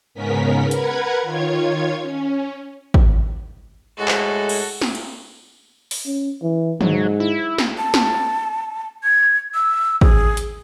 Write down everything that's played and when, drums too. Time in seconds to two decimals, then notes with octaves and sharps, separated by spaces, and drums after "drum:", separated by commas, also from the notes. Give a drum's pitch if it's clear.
0.14 G#2 C#3 B3 C#4 A#4 B6
0.71 A#4 B4 F#5 B5 G#6, drum: hi-hat
1.22 D#3 F4 C#5 G#6
2.02 C#4
2.94 drum: kick
3.97 A2 G#3 F#4 A4
4.08 drum: clap
4.49 drum: cymbal
4.81 drum: snare
4.95 drum: cymbal
5.91 drum: open hi-hat
6.06 C#4
6.42 E3
6.81 G#2 F#3, drum: tom
7.20 E4
7.58 drum: snare
7.78 A5
7.94 drum: snare
9.03 G#6
9.54 E6
10.01 G#4, drum: kick
10.37 drum: hi-hat